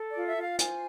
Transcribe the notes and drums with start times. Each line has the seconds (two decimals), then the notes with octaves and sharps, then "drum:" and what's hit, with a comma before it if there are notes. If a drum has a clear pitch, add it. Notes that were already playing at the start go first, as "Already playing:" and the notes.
Already playing: A4
0.10 D5
0.15 F4
0.26 E5
0.37 F4
0.42 F5
0.59 C5 G#5, drum: hi-hat